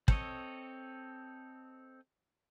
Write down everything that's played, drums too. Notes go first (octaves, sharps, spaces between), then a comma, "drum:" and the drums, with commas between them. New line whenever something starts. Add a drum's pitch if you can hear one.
C4 A4 C#5 D#5, drum: kick